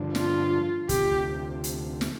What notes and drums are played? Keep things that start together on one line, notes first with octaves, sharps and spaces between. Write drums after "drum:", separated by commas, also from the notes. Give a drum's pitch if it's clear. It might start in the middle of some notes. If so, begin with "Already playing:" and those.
Already playing: G2 D3 F3 D4
F4, drum: snare
D2 C3 F3 G4, drum: kick, hi-hat
drum: hi-hat
drum: snare